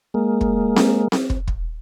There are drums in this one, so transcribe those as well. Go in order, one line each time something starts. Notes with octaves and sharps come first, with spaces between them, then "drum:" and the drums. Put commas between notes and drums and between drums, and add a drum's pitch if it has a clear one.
G#3 A#3
drum: kick
drum: snare C4
drum: snare C4
drum: kick
drum: kick